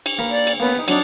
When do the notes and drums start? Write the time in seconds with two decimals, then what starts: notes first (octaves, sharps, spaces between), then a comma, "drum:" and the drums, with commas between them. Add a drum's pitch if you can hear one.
0.06 drum: cymbal
0.19 A#3 A#4 B4
0.30 D5
0.47 drum: cymbal
0.60 A#3 B3 C#4 B4
0.75 D#4 B4
0.88 F#3 C4 D4 D#4, drum: cymbal